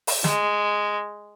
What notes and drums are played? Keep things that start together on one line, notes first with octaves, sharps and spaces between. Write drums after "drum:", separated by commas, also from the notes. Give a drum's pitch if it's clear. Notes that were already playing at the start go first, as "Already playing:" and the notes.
drum: open hi-hat
G#3, drum: snare